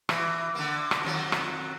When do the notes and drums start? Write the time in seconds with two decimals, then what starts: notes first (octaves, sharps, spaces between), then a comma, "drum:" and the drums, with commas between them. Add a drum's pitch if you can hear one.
0.09 E3, drum: rim click
0.55 D3 A#3
0.91 drum: rim click
1.03 F2 D#3 F#3
1.32 drum: rim click